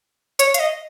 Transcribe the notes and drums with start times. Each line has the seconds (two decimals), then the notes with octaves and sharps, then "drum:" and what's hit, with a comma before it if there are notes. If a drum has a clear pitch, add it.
0.39 C#5, drum: hi-hat
0.54 F5, drum: hi-hat
0.60 D#5